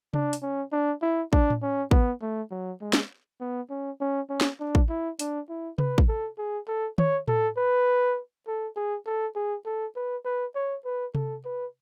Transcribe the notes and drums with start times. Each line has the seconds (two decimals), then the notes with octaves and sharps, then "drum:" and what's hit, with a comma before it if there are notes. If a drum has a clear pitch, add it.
0.14 D4, drum: tom C3
0.33 drum: hi-hat
0.42 C#4
0.72 D4
1.02 E4
1.33 D4, drum: kick
1.50 drum: tom A2
1.62 C#4
1.91 B3, drum: kick
2.21 A3
2.51 F#3
2.81 G#3
2.93 drum: snare
3.41 B3
3.70 C#4
4.00 C#4
4.30 C#4
4.41 drum: snare
4.60 D4
4.75 drum: kick
4.89 E4
5.19 D4, drum: hi-hat
5.49 E4
5.78 B4, drum: tom C3
5.98 drum: kick
6.09 A4
6.38 G#4
6.68 A4
6.98 C#5, drum: tom
7.28 A4, drum: tom A2
7.57 B4
8.47 A4
8.76 G#4
9.06 A4
9.35 G#4
9.66 A4
9.96 B4
10.25 B4
10.55 C#5
10.85 B4
11.15 A4, drum: tom C3
11.45 B4